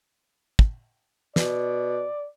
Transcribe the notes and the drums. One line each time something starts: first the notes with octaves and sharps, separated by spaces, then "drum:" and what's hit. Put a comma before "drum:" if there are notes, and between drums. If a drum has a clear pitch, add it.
drum: kick
B2 D5, drum: snare